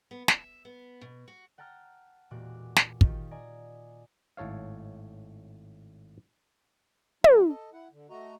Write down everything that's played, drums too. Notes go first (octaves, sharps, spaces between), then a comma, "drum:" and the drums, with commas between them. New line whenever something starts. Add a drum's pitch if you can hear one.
B3
E5, drum: snare
B3
B2
F#4
F#5 G5 A5 A#5 F6
E1 A#2 F#4 G4 D6 F#6
drum: snare
D#3 C#4 D#4 F4 G4, drum: kick
D5 D#5 G#5 A#5
G#1 A2 A4 C#5 F5
F#3 D#4 F4, drum: tom
A4 D#5
E4 F#5
D3
A3 F#4 D#5 A#5